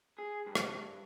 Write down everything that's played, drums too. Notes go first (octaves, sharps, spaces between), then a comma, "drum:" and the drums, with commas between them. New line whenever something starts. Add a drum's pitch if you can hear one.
G#4
G2
drum: rim click